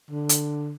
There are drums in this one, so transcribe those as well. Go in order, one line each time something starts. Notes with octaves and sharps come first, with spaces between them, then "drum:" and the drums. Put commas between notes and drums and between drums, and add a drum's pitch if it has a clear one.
D3
drum: hi-hat